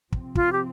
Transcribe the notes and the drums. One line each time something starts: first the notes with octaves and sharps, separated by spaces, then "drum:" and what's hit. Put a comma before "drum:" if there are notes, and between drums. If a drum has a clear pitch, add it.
C3 F3 C4, drum: kick
F4, drum: kick
G4